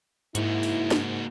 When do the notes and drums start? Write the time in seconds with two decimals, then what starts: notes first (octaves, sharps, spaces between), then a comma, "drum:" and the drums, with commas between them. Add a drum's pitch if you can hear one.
0.35 G#2 A#3 E4 F#4, drum: hi-hat
0.63 drum: open hi-hat
0.91 drum: snare